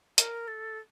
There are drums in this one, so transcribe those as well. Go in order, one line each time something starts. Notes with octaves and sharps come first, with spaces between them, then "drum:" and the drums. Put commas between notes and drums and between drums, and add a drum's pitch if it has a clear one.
A#4, drum: hi-hat
A4